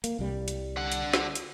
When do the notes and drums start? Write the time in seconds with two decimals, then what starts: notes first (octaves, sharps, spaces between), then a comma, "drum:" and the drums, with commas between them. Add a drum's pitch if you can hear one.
0.04 A#3, drum: hi-hat
0.19 C2 G3
0.48 drum: hi-hat
0.77 D3 F#5
0.92 drum: hi-hat
1.14 drum: snare
1.35 drum: hi-hat